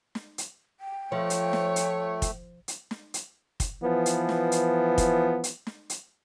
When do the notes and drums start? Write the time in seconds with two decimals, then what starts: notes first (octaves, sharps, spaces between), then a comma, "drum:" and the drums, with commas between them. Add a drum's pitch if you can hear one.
0.15 drum: snare
0.38 drum: hi-hat
0.80 G5
1.12 F3 A3 C#5
1.30 drum: hi-hat
1.53 drum: snare
1.76 drum: hi-hat
2.22 drum: kick, hi-hat
2.68 drum: hi-hat
2.91 drum: snare
3.14 drum: hi-hat
3.60 drum: kick, hi-hat
3.83 E3 F3 B3
4.06 drum: hi-hat
4.29 drum: snare
4.52 drum: hi-hat
4.98 drum: kick, hi-hat
5.44 drum: hi-hat
5.67 drum: snare
5.90 drum: hi-hat